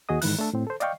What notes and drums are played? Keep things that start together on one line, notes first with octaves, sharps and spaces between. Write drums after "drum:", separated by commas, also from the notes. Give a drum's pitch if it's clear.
D#2 F#4 G#4 D#5 D#6
G#2 D#3 E3 F#6, drum: open hi-hat
A3 D4 A4
A2 C4
A4 C5
D5 D#5 F5 G5 C#6, drum: hi-hat